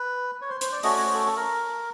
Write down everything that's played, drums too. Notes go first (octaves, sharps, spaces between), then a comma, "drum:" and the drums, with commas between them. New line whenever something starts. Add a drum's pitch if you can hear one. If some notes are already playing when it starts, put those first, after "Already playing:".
Already playing: B4
C#5
C5
C5, drum: hi-hat
D5
A3 C#4 F#4 D#5, drum: open hi-hat
D5
C#5
C5
A4
A4
A#4